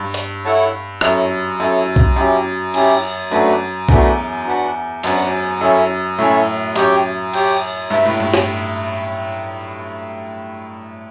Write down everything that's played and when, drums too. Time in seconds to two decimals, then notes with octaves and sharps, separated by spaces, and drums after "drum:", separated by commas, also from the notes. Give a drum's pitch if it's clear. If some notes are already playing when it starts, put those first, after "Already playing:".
Already playing: G2
0.14 drum: hi-hat
0.45 E4 A4 C#5 F#5 A5
1.01 F#2 E4 A4 C#5, drum: rim click
1.59 F#2 E4 A4 C#5
1.96 drum: kick B1
2.16 F#2 C#4 E4 G4
2.74 C#4 E4 G4, drum: cymbal
3.31 F#2 A3 D4 F#4 B4
3.89 E2 A3 D4 F#4 B4, drum: kick B1
4.46 D4 F#4 B4 F#5 A5
5.03 F#2 D4 F#4 B4 F#5 A5, drum: cymbal
5.61 F#2 C#4 E4 A4 C#5 E5
6.18 A2 C#4 E4 A4 C#5 E5
6.76 F#2 G4 C#5 G5, drum: hi-hat
7.34 G4 C#5 G5, drum: cymbal
7.90 G2 E4 B4 E5 A5
8.05 A2
8.20 G2
8.34 drum: snare